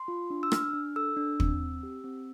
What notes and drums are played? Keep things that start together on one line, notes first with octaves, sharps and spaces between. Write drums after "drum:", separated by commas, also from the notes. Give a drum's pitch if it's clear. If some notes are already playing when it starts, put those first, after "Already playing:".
Already playing: C6
F4
D4
E6
D4 F6, drum: rim click
D4
A4 E6
D4
C4, drum: kick
C4
G4
C4